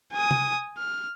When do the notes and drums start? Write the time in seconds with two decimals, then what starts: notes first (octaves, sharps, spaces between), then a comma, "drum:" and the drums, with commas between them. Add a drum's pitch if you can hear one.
0.13 G#5 D#6
0.31 drum: tom
0.78 F6